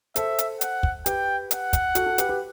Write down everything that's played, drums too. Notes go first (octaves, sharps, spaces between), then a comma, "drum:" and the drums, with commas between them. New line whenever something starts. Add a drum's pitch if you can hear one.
A4 C5 E5, drum: hi-hat
drum: hi-hat
F#5, drum: hi-hat
drum: kick
G4 B4 G5, drum: hi-hat
F#5, drum: hi-hat
drum: kick, hi-hat
F#4 A4, drum: hi-hat
F#4 A4
G4 B4, drum: hi-hat
G4 B4